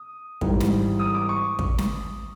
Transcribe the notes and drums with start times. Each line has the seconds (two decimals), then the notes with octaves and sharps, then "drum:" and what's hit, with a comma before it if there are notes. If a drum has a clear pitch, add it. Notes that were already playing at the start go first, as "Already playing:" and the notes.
Already playing: D#6
0.41 G#2 E3 G3, drum: kick
0.60 drum: snare
0.99 D#6
1.14 D6
1.29 C#6
1.59 drum: kick
1.78 drum: snare